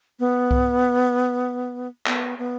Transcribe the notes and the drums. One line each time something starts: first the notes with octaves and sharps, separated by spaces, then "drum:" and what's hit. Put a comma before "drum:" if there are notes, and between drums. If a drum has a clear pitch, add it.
B3
drum: kick C2
B3, drum: clap
B3